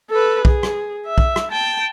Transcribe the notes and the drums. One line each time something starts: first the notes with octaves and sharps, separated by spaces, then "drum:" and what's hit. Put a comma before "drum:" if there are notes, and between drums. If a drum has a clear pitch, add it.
A4 B4
G#4, drum: kick
drum: rim click
E5
drum: kick
drum: rim click
G5 A5